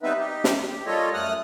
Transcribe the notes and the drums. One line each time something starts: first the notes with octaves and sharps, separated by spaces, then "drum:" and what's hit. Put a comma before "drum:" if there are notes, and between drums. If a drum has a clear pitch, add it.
G3 B3 C4 D#4 B4 E5
D#4 G4
drum: snare
G4
G3 A#3 F4 A4 C#5 D#5
F#2 A3 D#6 F6 F#6